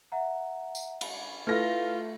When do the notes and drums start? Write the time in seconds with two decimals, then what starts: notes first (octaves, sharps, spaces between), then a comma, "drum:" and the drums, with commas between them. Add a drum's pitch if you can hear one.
0.12 E5 F#5 A#5
0.75 drum: tambourine
1.01 drum: cymbal
1.47 A3 E4 F4 B4 F6 A#6